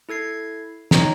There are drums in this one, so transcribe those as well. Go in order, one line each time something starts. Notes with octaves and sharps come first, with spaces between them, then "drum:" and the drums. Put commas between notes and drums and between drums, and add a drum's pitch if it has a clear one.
E4 A4 G#6 C7
D#4 C#5 D#5 G5 A#5, drum: snare